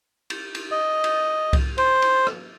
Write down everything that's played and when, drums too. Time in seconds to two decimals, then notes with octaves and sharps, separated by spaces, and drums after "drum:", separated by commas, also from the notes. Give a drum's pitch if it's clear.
0.30 drum: cymbal
0.55 drum: cymbal
0.71 D#5
1.04 drum: cymbal
1.53 drum: kick C2, cymbal
1.78 C5, drum: cymbal
2.02 drum: cymbal
2.27 drum: rim click